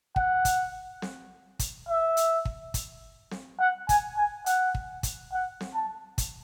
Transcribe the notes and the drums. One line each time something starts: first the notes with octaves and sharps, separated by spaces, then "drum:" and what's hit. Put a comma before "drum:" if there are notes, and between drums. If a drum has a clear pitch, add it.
F#5, drum: kick
drum: kick, hi-hat
drum: snare C4
drum: kick, hi-hat
E5
drum: hi-hat
drum: kick
drum: kick, hi-hat
drum: snare C4
F#5
G#5, drum: kick, hi-hat
G#5
F#5, drum: hi-hat
drum: kick
drum: kick, hi-hat
F#5
drum: snare C4
A5
drum: kick, hi-hat